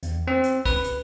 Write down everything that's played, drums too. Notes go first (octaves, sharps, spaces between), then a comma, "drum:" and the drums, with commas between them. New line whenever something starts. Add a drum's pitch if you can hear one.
E2, drum: hi-hat
C4
drum: hi-hat
B4, drum: kick, open hi-hat
drum: hi-hat